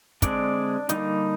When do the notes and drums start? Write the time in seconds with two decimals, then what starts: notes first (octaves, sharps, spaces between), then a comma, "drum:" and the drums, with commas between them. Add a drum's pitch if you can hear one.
0.22 D3 G#3 C4 D4 D5, drum: kick, hi-hat
0.89 D3 G3 A#3 D#4, drum: hi-hat